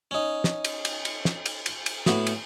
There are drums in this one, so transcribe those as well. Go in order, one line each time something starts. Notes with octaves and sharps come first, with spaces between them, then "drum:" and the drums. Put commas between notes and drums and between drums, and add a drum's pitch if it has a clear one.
C#4 D#4
drum: snare
drum: cymbal
drum: cymbal
drum: cymbal
drum: snare
drum: cymbal
drum: cymbal
drum: cymbal
A2 B3 F#4, drum: snare
drum: cymbal